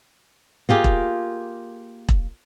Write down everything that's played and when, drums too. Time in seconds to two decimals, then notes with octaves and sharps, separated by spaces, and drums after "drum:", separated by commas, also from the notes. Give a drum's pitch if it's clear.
0.69 A#3 F4 G4 G#4
0.84 drum: kick E1
2.09 drum: kick E1